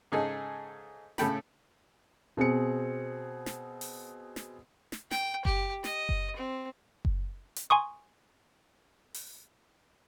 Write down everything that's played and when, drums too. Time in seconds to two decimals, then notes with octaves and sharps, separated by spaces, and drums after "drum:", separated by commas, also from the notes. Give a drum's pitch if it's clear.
0.12 G#2 C#3 D#4 G#4 A4
1.18 A2 C#3 A4 G5 B5, drum: snare
2.37 B2 C4 G#4 C#7
3.46 drum: snare
3.81 drum: open hi-hat
4.36 drum: snare
4.92 drum: snare
5.11 G5, drum: snare
5.45 G4, drum: kick F#1
5.84 D#5, drum: snare
6.09 drum: kick F#1
6.36 C4
7.05 drum: kick F#1
7.56 drum: hi-hat
7.70 G#5 C6 C#6 D#6
9.14 drum: open hi-hat